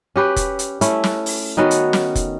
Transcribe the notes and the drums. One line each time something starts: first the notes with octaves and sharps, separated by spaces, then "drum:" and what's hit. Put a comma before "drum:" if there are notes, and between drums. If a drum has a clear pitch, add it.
C#4 G4 B4
drum: kick F1, hi-hat
drum: hi-hat
A3 C#4 E4, drum: hi-hat
drum: snare
drum: open hi-hat
D#3 B3 C#4 F#4
drum: hi-hat
drum: snare
drum: kick F1, hi-hat